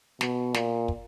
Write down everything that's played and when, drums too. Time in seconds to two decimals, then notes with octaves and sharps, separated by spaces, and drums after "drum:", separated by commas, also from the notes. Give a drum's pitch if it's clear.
0.21 B2, drum: snare
0.54 A#2, drum: snare
0.88 drum: kick